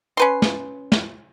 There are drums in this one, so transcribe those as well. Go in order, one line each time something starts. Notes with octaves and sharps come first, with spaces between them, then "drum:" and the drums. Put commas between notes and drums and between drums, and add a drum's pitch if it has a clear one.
C#4 B4 C6
drum: snare
drum: snare